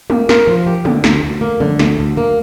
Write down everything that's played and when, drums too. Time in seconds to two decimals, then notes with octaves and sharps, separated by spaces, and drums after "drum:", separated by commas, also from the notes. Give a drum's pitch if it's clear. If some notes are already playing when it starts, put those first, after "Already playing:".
0.10 A#3, drum: tom
0.29 A#4, drum: snare
0.47 F3
0.67 G4
0.85 D3, drum: tom
1.04 D2, drum: snare
1.23 D2
1.41 A#3
1.60 D3, drum: tom E3
1.79 D2, drum: snare
1.99 D2
2.17 A#3